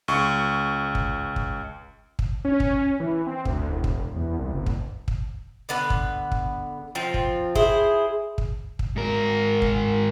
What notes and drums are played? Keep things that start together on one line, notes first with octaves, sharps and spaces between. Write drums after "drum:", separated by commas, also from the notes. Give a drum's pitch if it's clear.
C#2 C#6
drum: kick
drum: kick
drum: kick
C#4
drum: kick
E3
C4
D2, drum: kick
E1
drum: kick
E2
C2
F#1
drum: kick
drum: kick
D3 B3 B4
drum: kick
drum: kick
F3 C4 F4
drum: kick
E4 G#4 C5, drum: kick
drum: kick
drum: kick
G#2 A#4
drum: kick